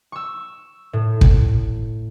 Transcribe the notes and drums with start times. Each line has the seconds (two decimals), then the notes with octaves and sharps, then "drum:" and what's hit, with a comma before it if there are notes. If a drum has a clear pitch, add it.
0.12 C#6 E6
0.93 A2
1.21 drum: kick